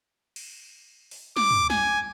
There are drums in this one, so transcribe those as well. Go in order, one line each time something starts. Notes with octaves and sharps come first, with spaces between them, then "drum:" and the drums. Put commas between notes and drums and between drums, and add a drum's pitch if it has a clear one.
drum: cymbal
drum: open hi-hat
D6, drum: snare
drum: tom
G#5, drum: snare